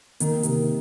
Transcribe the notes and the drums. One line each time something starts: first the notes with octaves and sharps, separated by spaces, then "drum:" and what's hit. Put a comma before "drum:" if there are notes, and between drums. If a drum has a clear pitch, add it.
D#3 A#3, drum: hi-hat
C3, drum: hi-hat